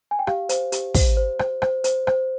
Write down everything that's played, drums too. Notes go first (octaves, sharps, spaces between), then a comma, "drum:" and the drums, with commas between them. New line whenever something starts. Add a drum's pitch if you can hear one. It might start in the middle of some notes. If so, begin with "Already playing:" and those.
G#5
G5
G4 F5, drum: rim click
C5, drum: hi-hat
G4, drum: hi-hat
C5, drum: kick, open hi-hat
C5
C5, drum: rim click
C5, drum: rim click
C5, drum: hi-hat
C5, drum: rim click